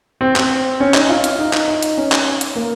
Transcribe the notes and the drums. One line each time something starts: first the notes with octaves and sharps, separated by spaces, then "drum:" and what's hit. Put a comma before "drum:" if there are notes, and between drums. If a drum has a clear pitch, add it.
C4
C4, drum: clap
C#4
D#4, drum: clap
F4
drum: hi-hat
D#4
drum: clap
D#4
drum: hi-hat
C#4
drum: clap
drum: hi-hat
A#3